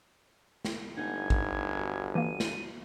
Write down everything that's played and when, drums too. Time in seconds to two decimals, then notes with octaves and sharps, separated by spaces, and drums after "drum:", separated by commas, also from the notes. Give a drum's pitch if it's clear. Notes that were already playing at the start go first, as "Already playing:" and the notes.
0.65 drum: snare
0.97 G1 C#4 D#4 F#5 G#6
1.30 drum: kick
1.74 F#4 A4
2.15 E3 A#3 D#7
2.40 drum: snare